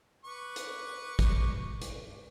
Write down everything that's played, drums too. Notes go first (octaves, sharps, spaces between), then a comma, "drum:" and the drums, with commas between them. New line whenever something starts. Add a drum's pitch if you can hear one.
B4 C#6 D6
drum: hi-hat
drum: kick, hi-hat
drum: hi-hat